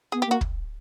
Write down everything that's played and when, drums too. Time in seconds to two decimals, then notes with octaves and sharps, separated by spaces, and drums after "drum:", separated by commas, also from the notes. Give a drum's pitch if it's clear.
0.12 B3 G#4
0.22 G4
0.27 A#3 F#4
0.41 drum: kick